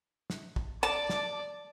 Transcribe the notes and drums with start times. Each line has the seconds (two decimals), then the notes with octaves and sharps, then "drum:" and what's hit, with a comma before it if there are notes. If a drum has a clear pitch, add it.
0.30 drum: snare
0.56 drum: kick
0.83 D5 A5 D6
1.10 drum: snare